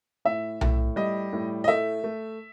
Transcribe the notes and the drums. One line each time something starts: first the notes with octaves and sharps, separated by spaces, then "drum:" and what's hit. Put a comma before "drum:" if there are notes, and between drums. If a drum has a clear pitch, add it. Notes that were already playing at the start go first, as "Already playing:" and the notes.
A2 E5
A2, drum: tom B1
G3 D#5
A2
D#5
A3 E5
A3